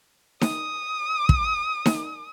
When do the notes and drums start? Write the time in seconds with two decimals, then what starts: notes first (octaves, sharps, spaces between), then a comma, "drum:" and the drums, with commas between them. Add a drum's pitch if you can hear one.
0.41 D#6, drum: snare D#4
1.29 drum: kick
1.86 drum: snare D#4